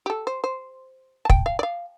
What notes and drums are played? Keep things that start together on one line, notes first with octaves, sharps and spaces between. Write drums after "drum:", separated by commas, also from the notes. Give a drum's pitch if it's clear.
G4
A4
C5
C5
A5
G5, drum: kick
F5
D5
F5